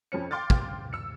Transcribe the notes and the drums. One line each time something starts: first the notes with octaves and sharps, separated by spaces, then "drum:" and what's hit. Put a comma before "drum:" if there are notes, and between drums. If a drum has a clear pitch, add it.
F2 F3 C#4 C#7
F5 G5 C6 D6 F6 A6
drum: kick
E6 C#7